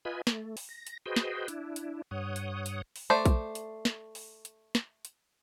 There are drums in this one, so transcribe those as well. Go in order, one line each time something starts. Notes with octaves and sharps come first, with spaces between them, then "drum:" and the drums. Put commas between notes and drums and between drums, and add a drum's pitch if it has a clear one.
F4 B4 D#5 G#5 B5
A3, drum: snare
drum: open hi-hat
A#6
drum: hi-hat
F#4 G#4 B4 C5 D#5 G5
drum: snare
D4 E4, drum: hi-hat
drum: hi-hat
G2 C#5 F#5 D#6
drum: hi-hat
drum: hi-hat
drum: open hi-hat
A3 C5 D5
drum: kick A#1, hi-hat
drum: hi-hat
drum: snare
drum: open hi-hat
drum: hi-hat
drum: snare
drum: hi-hat